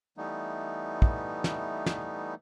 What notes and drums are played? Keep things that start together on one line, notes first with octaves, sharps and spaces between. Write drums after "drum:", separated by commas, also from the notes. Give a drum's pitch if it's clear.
E3 G3 A3 B3 D#4
drum: kick
drum: snare
drum: snare